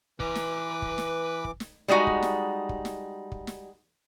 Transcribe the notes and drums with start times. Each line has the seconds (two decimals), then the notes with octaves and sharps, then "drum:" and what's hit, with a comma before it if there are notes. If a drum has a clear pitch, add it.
0.20 E3 B4 A#5 D6, drum: kick
0.35 drum: snare
0.82 drum: kick
0.98 drum: snare
1.45 drum: kick
1.60 drum: snare
1.88 G3 G#3 D#4 F#4
2.07 drum: kick
2.22 drum: snare
2.69 drum: kick
2.85 drum: snare
3.32 drum: kick
3.47 drum: snare